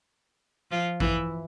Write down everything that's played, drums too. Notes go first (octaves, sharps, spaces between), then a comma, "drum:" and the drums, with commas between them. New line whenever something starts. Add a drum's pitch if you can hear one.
F3 F4
E3 E4, drum: kick A1